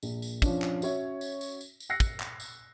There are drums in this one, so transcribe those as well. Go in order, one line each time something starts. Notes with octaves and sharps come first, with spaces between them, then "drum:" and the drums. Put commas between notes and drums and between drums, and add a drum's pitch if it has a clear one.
A#1, drum: tambourine
drum: tambourine
F3 C#4 D4, drum: kick, tambourine
drum: clap
C#4 F#4 C#5 E5, drum: tambourine
drum: tambourine
drum: tambourine
drum: tambourine
drum: tambourine
E6 F#6 A#6 C7 C#7
drum: kick, tambourine
drum: clap
drum: tambourine